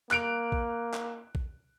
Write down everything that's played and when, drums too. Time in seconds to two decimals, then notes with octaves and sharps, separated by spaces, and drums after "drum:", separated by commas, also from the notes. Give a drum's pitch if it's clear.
0.11 A#3 F#6 D7 F7, drum: clap
0.52 drum: kick A#1
0.93 drum: clap
1.35 drum: kick A#1